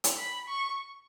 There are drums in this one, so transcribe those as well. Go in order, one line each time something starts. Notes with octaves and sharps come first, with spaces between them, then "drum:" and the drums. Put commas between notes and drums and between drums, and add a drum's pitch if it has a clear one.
drum: hi-hat
B5
C#6